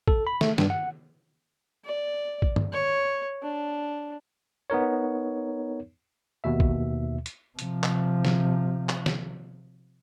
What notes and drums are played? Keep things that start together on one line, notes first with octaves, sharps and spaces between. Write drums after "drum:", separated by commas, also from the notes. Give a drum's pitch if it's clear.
A4, drum: kick A1
B5
A3, drum: snare
G2, drum: snare
F#5
D5
drum: kick A1
drum: tom G2
C#5
D4
B3 D#4 A#4 C#5
D#2 B2 E5
drum: kick A1
drum: hi-hat
C3 F3, drum: hi-hat
drum: clap
drum: snare
drum: clap
drum: snare